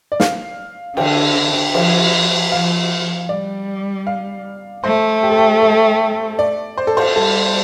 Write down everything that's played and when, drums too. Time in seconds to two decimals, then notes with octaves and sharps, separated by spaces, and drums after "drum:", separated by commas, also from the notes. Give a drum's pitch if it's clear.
0.12 D5
0.20 F5, drum: snare
0.97 D3 G5, drum: cymbal
1.74 F3, drum: cymbal
2.52 F3 F5
3.29 G3 D5
4.07 F5
4.84 A3 C5
5.23 G4
5.30 A4
5.38 G4
5.62 A4
6.39 D5
6.78 C5
6.87 A4
6.97 C5, drum: cymbal
7.16 G3 A4